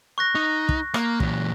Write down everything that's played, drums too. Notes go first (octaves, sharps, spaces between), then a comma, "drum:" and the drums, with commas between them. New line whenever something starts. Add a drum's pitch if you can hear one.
C#6 F#6 A#6
D#4 C#6
drum: kick
A#3, drum: rim click
A#2 E3, drum: kick